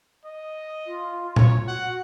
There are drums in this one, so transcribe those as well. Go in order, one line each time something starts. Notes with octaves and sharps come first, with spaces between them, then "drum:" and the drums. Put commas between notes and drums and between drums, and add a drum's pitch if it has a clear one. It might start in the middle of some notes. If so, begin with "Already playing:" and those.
D#5
F4
C#5, drum: tom A#2
F#4 F#5